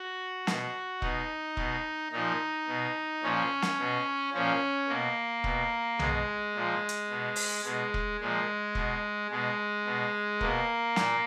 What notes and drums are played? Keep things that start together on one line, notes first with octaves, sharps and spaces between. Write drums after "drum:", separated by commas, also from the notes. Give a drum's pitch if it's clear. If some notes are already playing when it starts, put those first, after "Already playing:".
Already playing: F#4
B2, drum: snare
B2 D#4, drum: kick E1
B2, drum: kick E1
A#2 F3 D#4
B2
A#2 F3 C#4
drum: snare
B2
A#2 F3 C#4
B2 A#3
B2, drum: kick E1
B2 G#3, drum: tom B1
A#2 F3
drum: hi-hat
B2
drum: open hi-hat
B2 G#3
drum: kick E1
A#2 F3 G#3
B2, drum: kick E1
B2 G#3
B2
B2 A#3, drum: kick E1
A#2, drum: snare